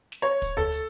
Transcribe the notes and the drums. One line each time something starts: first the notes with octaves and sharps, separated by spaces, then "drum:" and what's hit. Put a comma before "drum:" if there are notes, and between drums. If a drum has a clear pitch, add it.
drum: snare
C#5
drum: kick, hi-hat
A4, drum: tom D2
drum: hi-hat